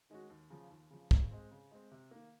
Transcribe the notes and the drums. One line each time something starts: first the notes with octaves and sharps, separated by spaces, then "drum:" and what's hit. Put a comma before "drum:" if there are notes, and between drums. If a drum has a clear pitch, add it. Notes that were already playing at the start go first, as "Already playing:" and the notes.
D#3 G#3 C#4 F#4
D#2
C#3 F3
D#2
C#3 F3
C#3, drum: kick
G#3 C4
C#3
G#3 C4
C3
D#3 A#3